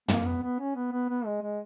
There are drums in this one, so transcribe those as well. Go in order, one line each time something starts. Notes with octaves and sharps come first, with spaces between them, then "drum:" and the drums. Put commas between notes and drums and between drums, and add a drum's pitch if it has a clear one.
A#3, drum: tom
B3
B3
C#4
B3
B3
B3
G#3
G#3